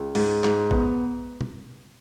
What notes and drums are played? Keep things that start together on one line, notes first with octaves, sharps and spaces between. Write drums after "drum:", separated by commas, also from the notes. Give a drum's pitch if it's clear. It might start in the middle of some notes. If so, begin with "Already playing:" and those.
Already playing: C#2
G#2, drum: open hi-hat
G#2, drum: clap
B3, drum: kick A1
drum: tom